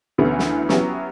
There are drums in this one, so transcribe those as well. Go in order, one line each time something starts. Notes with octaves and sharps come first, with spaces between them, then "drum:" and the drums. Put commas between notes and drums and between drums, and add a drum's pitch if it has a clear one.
D2 D3 E3 B3 C#4
drum: snare
F#3 B3 C#4 E4 F#4 G4, drum: snare